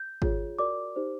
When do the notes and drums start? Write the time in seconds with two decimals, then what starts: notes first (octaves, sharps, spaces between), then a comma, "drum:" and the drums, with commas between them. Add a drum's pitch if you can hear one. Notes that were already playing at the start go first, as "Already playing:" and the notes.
Already playing: G6
0.22 F4 G#4 C#5, drum: kick G#1
0.59 F#4 A#4 D5 D6
0.96 D#4 G4 C5